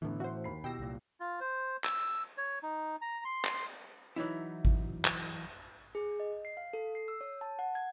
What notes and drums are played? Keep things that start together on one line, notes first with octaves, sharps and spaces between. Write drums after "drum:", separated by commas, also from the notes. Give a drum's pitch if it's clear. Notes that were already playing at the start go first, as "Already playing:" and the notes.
A2 D3 E3 A3 B3
F#4 C5 E5 F#5
D#2 B5 C7
B2 E4 G4 G5 E6 A#6
C2 A#2
F4
C5
E6, drum: clap
C#5
D#4
A#5
C6
drum: clap
E3 F#3 D#4 E4
drum: kick G#1
drum: clap
G#4
D#5
C7
F5
A4
C7
E6
C#5
A5
F#5
G#6